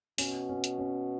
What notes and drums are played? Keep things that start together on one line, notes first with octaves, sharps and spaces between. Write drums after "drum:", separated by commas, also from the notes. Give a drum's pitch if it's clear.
B2 C#4, drum: open hi-hat
C#4
drum: hi-hat
C#4